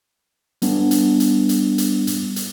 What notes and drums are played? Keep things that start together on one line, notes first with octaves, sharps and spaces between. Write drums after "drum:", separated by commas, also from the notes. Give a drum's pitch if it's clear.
G3 B3 D4, drum: hi-hat
drum: hi-hat
drum: hi-hat
drum: hi-hat
drum: hi-hat
drum: hi-hat
drum: hi-hat